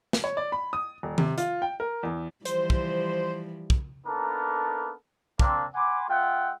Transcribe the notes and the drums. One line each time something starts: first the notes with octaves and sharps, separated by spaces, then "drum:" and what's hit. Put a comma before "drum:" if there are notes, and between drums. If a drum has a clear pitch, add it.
drum: snare
C#5
D5
B5
D#6
D#1
C3, drum: tom D#3
F4, drum: hi-hat
G5
A#4
E2
E3 F3 G3 C5, drum: hi-hat
drum: kick
drum: kick
A#3 B3 D4 D#4 A4 A#4
A#3 C4 D4, drum: kick
F#5 G#5 B5 C6 D6
G#3 F4 E5 F#5 G5